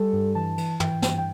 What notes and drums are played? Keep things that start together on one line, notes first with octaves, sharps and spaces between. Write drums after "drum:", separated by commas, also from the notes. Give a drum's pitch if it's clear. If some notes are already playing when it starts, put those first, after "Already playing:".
Already playing: G3 A4
G2
E3 A5
E3, drum: cymbal
E3 G5, drum: tom
G2 G5, drum: snare
G5